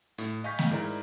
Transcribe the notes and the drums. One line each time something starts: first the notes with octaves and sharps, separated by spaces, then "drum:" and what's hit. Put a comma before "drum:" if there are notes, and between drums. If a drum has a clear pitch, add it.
A2, drum: hi-hat
D#5 F5 G#5 C#6 G6 B6
drum: snare A3
G#2 E4 A#4 D5 A#5